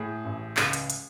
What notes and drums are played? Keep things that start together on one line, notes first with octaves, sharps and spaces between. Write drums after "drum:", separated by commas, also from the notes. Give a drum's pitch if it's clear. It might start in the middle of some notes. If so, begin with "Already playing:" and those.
Already playing: A2 G#4
A1
C#2, drum: clap
drum: hi-hat
drum: hi-hat